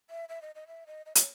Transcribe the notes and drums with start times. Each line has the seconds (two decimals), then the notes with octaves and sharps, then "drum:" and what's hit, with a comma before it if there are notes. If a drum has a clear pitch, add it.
0.10 E5
0.29 E5
0.42 D#5
0.55 D#5
0.67 E5
0.87 D#5
1.06 D#5
1.15 C#5, drum: hi-hat